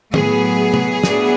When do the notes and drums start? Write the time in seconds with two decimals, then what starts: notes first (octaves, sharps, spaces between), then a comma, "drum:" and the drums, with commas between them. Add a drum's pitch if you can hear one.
0.14 A2 F#3 B3 G#4, drum: tom D#3
0.74 drum: tom
1.03 A2 F#3 B3 D4, drum: snare